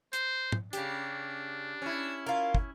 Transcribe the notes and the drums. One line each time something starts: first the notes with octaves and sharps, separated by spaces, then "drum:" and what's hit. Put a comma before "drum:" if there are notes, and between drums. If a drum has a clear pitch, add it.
C5, drum: hi-hat
drum: tom
C#3 D4 G4, drum: hi-hat
C#4 E4
F4 A#4
drum: kick